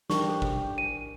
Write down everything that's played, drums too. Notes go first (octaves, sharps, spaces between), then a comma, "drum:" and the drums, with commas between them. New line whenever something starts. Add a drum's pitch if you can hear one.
G3 D4 G4 A#4 A5 C#6, drum: snare
A4 C5
drum: kick G1
G#5 D#7